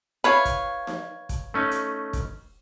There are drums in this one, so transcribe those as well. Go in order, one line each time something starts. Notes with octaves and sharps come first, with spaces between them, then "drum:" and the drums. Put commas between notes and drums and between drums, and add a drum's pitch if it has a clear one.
E4 B4 C#5 F5 B5
drum: kick, hi-hat
drum: snare D#4
drum: kick, hi-hat
A3 C#4 D#4
drum: hi-hat
drum: kick, hi-hat